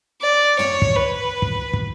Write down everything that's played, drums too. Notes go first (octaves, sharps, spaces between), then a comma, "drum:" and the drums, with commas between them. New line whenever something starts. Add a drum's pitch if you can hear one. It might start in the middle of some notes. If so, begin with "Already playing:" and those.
D5
C#5, drum: tom
drum: kick
B4
drum: kick
drum: kick